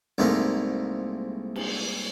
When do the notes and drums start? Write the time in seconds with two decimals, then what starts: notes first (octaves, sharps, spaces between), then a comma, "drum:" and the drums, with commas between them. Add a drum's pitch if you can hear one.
0.18 C2 G#2 A3 A#3
1.56 drum: cymbal